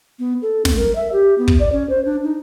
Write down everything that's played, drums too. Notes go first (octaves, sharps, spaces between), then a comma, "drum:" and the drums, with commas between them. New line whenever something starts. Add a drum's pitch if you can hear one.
B3
A4
B3, drum: snare
A#4
E5
G4
B3
drum: kick
D5
C#4
C5
D4
D#4